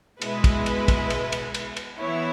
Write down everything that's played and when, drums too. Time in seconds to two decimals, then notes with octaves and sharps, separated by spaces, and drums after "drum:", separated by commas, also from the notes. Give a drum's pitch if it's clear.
0.22 B2 G#3 E4 B4, drum: cymbal
0.44 drum: kick, cymbal
0.66 drum: cymbal
0.88 drum: kick, cymbal
1.10 drum: cymbal
1.32 drum: cymbal
1.54 drum: cymbal
1.77 drum: cymbal
1.98 E3 B3 E4 C#5